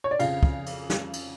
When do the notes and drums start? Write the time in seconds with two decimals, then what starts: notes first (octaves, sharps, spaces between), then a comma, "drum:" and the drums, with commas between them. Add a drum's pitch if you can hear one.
0.04 C#5
0.11 D5
0.19 F2 C#3 F3 F5, drum: cymbal
0.43 drum: kick
0.66 drum: cymbal
0.90 drum: snare
1.13 drum: cymbal